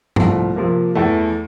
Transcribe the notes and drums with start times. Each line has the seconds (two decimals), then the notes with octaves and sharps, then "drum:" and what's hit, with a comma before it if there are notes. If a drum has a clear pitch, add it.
0.16 C2 A#2 F3 A3 C4, drum: tom G#2
0.56 C3 F3 A#3
0.95 E2 E3 A3